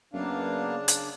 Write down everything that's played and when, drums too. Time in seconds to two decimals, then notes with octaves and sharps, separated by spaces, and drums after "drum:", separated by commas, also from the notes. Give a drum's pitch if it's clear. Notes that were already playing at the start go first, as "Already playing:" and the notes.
0.13 F#2 C#3 A#3 B3 D4 F5
0.88 drum: hi-hat